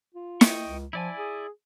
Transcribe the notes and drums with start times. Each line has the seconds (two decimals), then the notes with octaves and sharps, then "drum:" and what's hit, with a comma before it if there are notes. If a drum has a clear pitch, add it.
0.15 F4
0.41 D#5 G5 C#6, drum: snare
0.67 C#2
0.93 F3 E4 D5 G#5
1.18 G#4